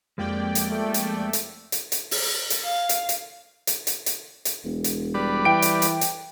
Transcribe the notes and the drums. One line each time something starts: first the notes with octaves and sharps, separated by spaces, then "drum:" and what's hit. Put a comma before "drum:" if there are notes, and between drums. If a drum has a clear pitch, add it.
F2 G#3 A#3 G4 D5 G5
drum: hi-hat
A3
drum: hi-hat
drum: hi-hat
drum: hi-hat
drum: hi-hat
drum: open hi-hat
drum: hi-hat
F5
drum: hi-hat
drum: hi-hat
drum: hi-hat
drum: hi-hat
drum: hi-hat
drum: hi-hat
E1
drum: hi-hat
G3 B4 D5
E3 G5 D7
drum: hi-hat
drum: hi-hat
drum: hi-hat